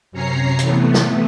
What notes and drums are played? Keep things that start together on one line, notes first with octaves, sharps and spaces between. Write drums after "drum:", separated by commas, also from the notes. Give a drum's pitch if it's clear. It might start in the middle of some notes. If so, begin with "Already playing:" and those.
F#2 C3 C#4 C#5 A#5 C7
C3 E3 A3 B3, drum: hi-hat
drum: snare